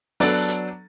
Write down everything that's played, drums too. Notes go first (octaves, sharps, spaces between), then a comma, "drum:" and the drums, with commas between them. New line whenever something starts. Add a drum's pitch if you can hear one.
F#3 B3 D4 A4 A6, drum: open hi-hat
drum: hi-hat